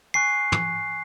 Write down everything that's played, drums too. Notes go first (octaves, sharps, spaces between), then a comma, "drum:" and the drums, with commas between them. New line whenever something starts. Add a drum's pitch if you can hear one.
G#5 C#6 F#6 C7
drum: tom